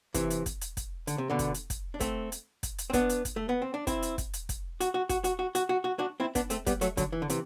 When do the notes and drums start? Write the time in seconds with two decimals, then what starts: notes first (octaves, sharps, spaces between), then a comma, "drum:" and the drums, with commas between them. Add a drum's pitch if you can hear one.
0.14 C3 E3, drum: kick, hi-hat
0.30 drum: hi-hat
0.46 drum: kick, hi-hat
0.61 drum: hi-hat
0.77 drum: kick, hi-hat
1.07 D3, drum: hi-hat
1.18 C3
1.30 B2 D3
1.39 drum: kick, hi-hat
1.54 drum: hi-hat
1.70 drum: kick, hi-hat
1.94 D4
2.00 A3 C4, drum: kick, hi-hat
2.32 drum: hi-hat
2.63 drum: kick, hi-hat
2.78 drum: hi-hat
2.90 C4
2.93 B3 D4, drum: kick, hi-hat
3.09 drum: hi-hat
3.25 drum: kick, hi-hat
3.36 A3
3.49 B3
3.62 C4
3.74 D4
3.87 C4 E4, drum: kick, hi-hat
4.02 drum: hi-hat
4.18 drum: kick, hi-hat
4.33 drum: hi-hat
4.49 drum: kick, hi-hat
4.80 F#4, drum: hi-hat
4.94 F#4
5.09 F#4, drum: kick, hi-hat
5.24 F#4, drum: hi-hat
5.39 F#4
5.55 F#4, drum: hi-hat
5.69 F#4
5.84 F#4
5.99 D4 F#4
6.20 C4 E4
6.35 B3 D4, drum: kick, hi-hat
6.50 A3 C4, drum: hi-hat
6.66 G3 B3, drum: kick, hi-hat
6.81 F#3 A3, drum: hi-hat
6.97 D3 F#3, drum: kick, hi-hat
7.12 E3
7.22 D3
7.30 C3 E3, drum: hi-hat